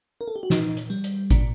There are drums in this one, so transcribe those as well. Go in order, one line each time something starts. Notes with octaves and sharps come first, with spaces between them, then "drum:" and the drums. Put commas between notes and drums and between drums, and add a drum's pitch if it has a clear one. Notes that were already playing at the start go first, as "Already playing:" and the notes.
A#4
A4
G4
F#4
A#2 D#4, drum: snare
drum: hi-hat
G3
drum: hi-hat
A#2 D4, drum: kick G#1, hi-hat